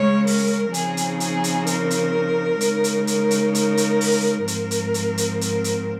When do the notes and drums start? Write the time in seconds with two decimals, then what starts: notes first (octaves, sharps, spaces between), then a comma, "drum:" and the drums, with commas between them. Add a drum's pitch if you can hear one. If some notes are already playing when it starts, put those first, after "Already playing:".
Already playing: C#3 G#3 C#4 C#5
0.27 A#4, drum: open hi-hat
0.74 C#3 F3 C4 D#4 G#4, drum: hi-hat
0.97 drum: hi-hat
1.20 G#4, drum: hi-hat
1.44 drum: hi-hat
1.67 A#4, drum: hi-hat
1.91 drum: hi-hat
2.61 C#3 G#3 D#4, drum: hi-hat
2.84 drum: hi-hat
3.07 A#4, drum: hi-hat
3.31 drum: hi-hat
3.55 A#4, drum: hi-hat
3.77 drum: hi-hat
4.01 drum: open hi-hat
4.48 G#2 F3 C4 A#4, drum: hi-hat
4.71 drum: hi-hat
4.94 drum: hi-hat
5.18 drum: hi-hat
5.41 A#4, drum: hi-hat
5.64 drum: hi-hat